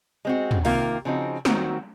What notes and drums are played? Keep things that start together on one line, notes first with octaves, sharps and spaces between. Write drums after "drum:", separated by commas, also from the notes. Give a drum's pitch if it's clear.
G#3 C4 F#4
drum: tom
C3 D#3 A#3 F4, drum: open hi-hat
C#3 F3 C4 D#4 F#4
D#3 F#3 C4 F#4, drum: snare